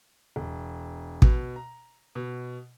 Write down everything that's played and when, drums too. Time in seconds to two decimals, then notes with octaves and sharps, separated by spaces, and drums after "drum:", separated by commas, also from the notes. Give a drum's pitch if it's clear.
0.36 E1
1.22 B2, drum: kick
1.56 A#5
2.15 B2